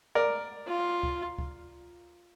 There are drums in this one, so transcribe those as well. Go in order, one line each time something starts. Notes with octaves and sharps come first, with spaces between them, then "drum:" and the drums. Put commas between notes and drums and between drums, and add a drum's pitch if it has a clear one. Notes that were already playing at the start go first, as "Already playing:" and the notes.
A#4 D5
F4
drum: kick C#2
drum: kick C#2